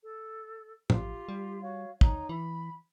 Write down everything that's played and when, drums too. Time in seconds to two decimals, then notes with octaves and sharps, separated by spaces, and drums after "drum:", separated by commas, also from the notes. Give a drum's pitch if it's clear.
0.03 A4
0.90 A1 F4 G4, drum: tom
1.29 G3
1.61 F#4 C#5 F5
2.01 D2 D#4 C#5 A#5, drum: kick
2.29 E3 B5